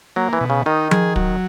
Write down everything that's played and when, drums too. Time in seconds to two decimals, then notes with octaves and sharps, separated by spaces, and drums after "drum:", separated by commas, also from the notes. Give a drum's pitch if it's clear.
0.16 F#3 A#3
0.33 E3
0.41 B2
0.50 C#3
0.66 D#3 D#4
0.91 G#4, drum: tom F3
1.16 F#3, drum: kick